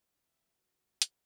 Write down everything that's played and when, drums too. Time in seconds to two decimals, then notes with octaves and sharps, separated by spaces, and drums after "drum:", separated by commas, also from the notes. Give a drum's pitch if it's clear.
0.25 E5
0.60 F#4
1.02 drum: hi-hat